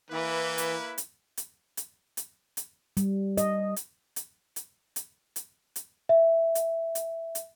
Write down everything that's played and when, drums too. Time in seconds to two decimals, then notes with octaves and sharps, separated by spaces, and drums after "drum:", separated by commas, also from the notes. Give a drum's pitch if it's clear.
0.10 E3 A#3 E4 B4
0.58 drum: hi-hat
0.98 drum: hi-hat
1.37 drum: hi-hat
1.77 drum: hi-hat
2.17 drum: hi-hat
2.57 drum: hi-hat
2.97 G3, drum: hi-hat
3.37 D#5, drum: hi-hat
3.76 drum: hi-hat
4.16 drum: hi-hat
4.56 drum: hi-hat
4.96 drum: hi-hat
5.36 drum: hi-hat
5.76 drum: hi-hat
6.09 E5
6.55 drum: hi-hat
6.95 drum: hi-hat
7.35 drum: hi-hat